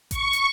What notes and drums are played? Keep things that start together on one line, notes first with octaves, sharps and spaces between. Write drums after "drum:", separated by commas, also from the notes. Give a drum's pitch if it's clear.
C#6, drum: kick A1, hi-hat
drum: hi-hat